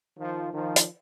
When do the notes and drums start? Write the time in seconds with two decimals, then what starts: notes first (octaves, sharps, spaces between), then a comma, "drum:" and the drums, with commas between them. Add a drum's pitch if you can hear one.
0.18 D#3 F3
0.53 D#3 F3
0.76 drum: hi-hat